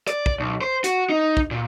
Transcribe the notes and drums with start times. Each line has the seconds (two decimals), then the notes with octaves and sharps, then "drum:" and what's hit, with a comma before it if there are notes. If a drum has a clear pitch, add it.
0.07 D5, drum: hi-hat
0.26 drum: kick
0.40 B1
0.61 C5
0.84 F#4, drum: hi-hat
1.09 D#4
1.37 drum: kick
1.51 A#2